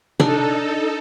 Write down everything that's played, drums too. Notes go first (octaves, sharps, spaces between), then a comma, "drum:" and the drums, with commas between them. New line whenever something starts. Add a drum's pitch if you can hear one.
D4 D#4 A4, drum: tom